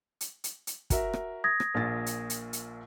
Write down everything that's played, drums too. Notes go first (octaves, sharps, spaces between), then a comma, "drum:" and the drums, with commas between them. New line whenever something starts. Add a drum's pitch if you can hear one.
drum: hi-hat
drum: hi-hat
drum: hi-hat
F#4 A#4 E5, drum: kick, hi-hat
drum: rim click
D#6 G#6 A#6
drum: rim click
A#1 A#2 A6
drum: hi-hat
drum: hi-hat
drum: hi-hat